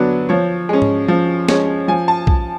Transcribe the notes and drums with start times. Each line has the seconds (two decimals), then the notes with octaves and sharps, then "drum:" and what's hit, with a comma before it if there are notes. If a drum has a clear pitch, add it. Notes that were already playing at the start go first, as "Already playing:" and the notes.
Already playing: D3 F#3 B3 D4
0.29 F3 C#5
0.69 G#3 C#4
0.82 drum: tom G#2
1.08 F3
1.49 G#3 C#4 C#5, drum: snare
1.88 F3 G#5
2.08 A5
2.27 drum: kick